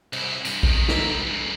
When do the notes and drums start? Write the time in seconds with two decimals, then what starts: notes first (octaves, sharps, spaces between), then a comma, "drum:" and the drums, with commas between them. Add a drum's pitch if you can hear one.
0.13 C2 E4, drum: cymbal
0.45 G2 C3, drum: tambourine
0.63 C3 D#3, drum: kick A#1
0.88 A#4 E5, drum: snare
1.10 C3 G3
1.26 G2 C#3